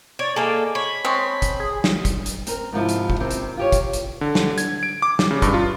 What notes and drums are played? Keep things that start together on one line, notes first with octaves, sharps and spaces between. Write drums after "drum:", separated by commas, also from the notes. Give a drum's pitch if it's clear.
C#5 D5
A#3 G#4 A4 D#5 A#5
C#5 B5
G#3 C4 A5 C#6
drum: kick, hi-hat
G#4
drum: snare
drum: kick, hi-hat
drum: hi-hat
C4 A#4, drum: hi-hat
G#2 C3 F3 E4
drum: hi-hat
drum: kick
C3 D#3 C4
drum: hi-hat
F4 G4 C#5
drum: kick, hi-hat
drum: hi-hat
D3
drum: snare
G#6, drum: hi-hat
D7
D6
drum: snare
C#3
G2, drum: kick, hi-hat
F4